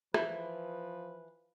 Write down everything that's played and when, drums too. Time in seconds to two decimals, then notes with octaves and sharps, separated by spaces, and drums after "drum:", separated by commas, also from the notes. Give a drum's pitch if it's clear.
0.14 E3 F3 B4, drum: rim click